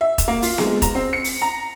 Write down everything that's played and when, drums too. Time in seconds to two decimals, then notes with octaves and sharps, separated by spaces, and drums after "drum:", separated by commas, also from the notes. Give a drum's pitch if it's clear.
0.01 E5
0.18 drum: kick E1, hi-hat
0.28 A#3
0.42 F4, drum: open hi-hat
0.58 G#3, drum: snare B3
0.82 A#5, drum: kick E1, hi-hat
0.95 C4
1.13 C#7
1.24 drum: open hi-hat
1.42 A#5